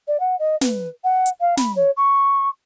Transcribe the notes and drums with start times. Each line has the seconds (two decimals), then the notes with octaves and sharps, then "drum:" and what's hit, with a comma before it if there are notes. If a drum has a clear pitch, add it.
0.07 D5
0.20 F#5
0.39 D#5
0.61 B4, drum: snare
1.04 F#5
1.26 drum: hi-hat
1.40 F5
1.57 B5, drum: snare
1.76 C#5
1.97 C#6